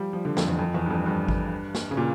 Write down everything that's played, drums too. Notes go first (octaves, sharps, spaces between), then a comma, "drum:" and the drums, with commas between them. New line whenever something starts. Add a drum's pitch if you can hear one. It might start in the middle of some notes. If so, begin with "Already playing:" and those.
Already playing: F3 G3
F3
D3
F2, drum: snare
E2
F2
E2
G2
F2
G2
drum: kick G#1
drum: snare
C#3
A#2